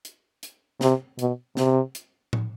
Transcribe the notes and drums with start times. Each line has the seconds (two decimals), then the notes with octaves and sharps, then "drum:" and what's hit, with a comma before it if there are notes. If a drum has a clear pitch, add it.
0.05 drum: hi-hat
0.43 drum: hi-hat
0.81 C3, drum: snare
1.19 B2, drum: hi-hat
1.57 C3, drum: snare
1.95 drum: hi-hat
2.33 drum: tom A2